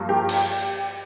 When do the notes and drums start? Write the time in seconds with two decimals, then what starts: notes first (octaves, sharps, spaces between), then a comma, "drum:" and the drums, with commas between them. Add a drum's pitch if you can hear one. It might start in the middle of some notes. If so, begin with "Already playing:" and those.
Already playing: G2 F3 A#3
0.09 G4
0.29 drum: cymbal